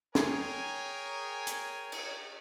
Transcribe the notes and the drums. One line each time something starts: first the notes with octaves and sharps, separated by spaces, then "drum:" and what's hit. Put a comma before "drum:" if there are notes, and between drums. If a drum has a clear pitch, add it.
G#4 A#4 C#5 G5 G#5, drum: snare
drum: hi-hat
drum: cymbal